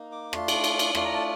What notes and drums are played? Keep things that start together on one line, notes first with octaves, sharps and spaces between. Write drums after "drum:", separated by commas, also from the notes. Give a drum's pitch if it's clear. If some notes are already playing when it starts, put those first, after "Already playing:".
Already playing: A#3 D#4
D6
A3 D4 F4 C6, drum: rim click
drum: cymbal
drum: cymbal
drum: cymbal
A3 D4 F4 C6, drum: rim click
A#5
A5